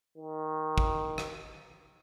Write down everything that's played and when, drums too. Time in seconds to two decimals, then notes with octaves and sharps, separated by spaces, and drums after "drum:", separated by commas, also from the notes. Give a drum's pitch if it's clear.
0.18 D#3
0.78 drum: kick
1.18 drum: rim click